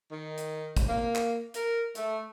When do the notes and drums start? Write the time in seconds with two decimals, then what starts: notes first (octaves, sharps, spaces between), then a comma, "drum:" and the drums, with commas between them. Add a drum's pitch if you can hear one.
0.10 D#3
0.38 drum: hi-hat
0.77 drum: kick, hi-hat
0.86 A#3
1.15 drum: clap
1.54 A#4, drum: hi-hat
1.95 A3, drum: hi-hat